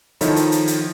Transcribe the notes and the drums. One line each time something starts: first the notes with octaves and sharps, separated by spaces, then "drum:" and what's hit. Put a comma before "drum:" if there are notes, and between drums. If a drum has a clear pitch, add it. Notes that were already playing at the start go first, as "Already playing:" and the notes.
D#3 F3 D#4 E4 A4 C#5, drum: hi-hat
drum: hi-hat
drum: hi-hat
drum: hi-hat